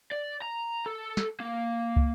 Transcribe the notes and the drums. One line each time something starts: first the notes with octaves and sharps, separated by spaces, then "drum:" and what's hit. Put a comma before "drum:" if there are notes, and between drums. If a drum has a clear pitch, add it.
D5
A#5
A4
drum: snare
A#3
drum: kick